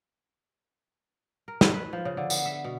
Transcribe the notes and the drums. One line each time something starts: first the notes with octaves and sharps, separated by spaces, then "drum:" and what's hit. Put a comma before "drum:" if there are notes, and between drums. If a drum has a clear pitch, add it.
A#4
B4, drum: snare
B4
F3
C#3
D3
B3, drum: tambourine
E5
B2